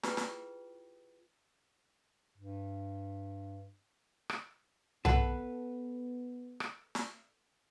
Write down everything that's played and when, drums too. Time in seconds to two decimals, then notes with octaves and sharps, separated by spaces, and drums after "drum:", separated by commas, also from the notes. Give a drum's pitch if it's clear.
0.03 E4 F4 G4 G#4 B4 G5, drum: snare
0.17 drum: snare
2.38 G2
4.30 drum: rim click
5.05 B3 A4 B4 F#5, drum: tom B1
6.60 drum: rim click
6.95 drum: snare